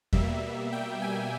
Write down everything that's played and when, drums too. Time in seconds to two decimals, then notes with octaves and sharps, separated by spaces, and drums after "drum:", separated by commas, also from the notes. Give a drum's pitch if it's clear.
0.13 B2 G3 A#3 E5, drum: kick E2
0.72 G5
1.02 G#5